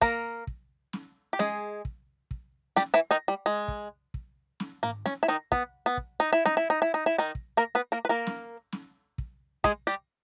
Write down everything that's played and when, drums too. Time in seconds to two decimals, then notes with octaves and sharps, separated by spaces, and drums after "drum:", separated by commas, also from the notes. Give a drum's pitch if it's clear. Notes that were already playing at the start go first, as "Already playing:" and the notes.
0.01 A#3 A#4, drum: kick
0.47 drum: kick
0.93 drum: snare
1.33 G4
1.39 G#3 G#4, drum: snare
1.85 drum: kick
2.31 drum: kick
2.76 G3 G4, drum: snare
2.94 E3 E4
3.11 D#3 D#4
3.28 G3
3.46 G#3
3.68 drum: kick
4.14 drum: kick
4.60 drum: snare
4.83 A#3, drum: tom G#2
5.06 C#4, drum: snare
5.23 E4
5.28 D#3 D#4
5.52 B3, drum: kick
5.86 B3
5.97 drum: kick
6.20 D#4
6.33 E4
6.46 D#4, drum: snare
6.57 E4
6.70 D#4
6.82 E4
6.94 D#4
7.06 E4
7.18 D#3 D#4
7.35 drum: kick
7.57 A#3 A#4
7.75 B3 B4
7.92 A#3 A#4
8.05 B4
8.09 A#3 A#4
8.27 drum: snare
8.72 drum: snare
9.18 drum: kick
9.64 G#3 G#4, drum: kick
9.87 G3 G4